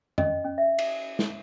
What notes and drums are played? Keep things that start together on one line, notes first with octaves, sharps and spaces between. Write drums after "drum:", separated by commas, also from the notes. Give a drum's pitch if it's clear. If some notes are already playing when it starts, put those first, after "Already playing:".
C#4 D#5, drum: tom F2
C#4
E5
drum: cymbal
drum: snare